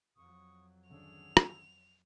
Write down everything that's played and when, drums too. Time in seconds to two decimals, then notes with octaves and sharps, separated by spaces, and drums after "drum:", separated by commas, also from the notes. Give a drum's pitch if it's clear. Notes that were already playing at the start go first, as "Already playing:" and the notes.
0.16 F2 F#3 C#6 D#6
0.90 G#1 D3 C#4 D4 G#4 E6 F7
1.37 drum: rim click